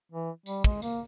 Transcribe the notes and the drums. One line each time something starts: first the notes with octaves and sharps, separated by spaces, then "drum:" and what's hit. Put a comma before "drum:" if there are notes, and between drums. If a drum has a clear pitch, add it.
E3
G3, drum: tambourine
G#3, drum: kick
A#3, drum: tambourine